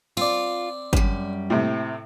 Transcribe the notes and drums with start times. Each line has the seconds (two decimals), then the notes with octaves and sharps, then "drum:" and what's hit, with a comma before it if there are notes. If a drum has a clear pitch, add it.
0.17 C4 F4 D5
0.93 F#2 G3, drum: kick G1
1.50 A2 C3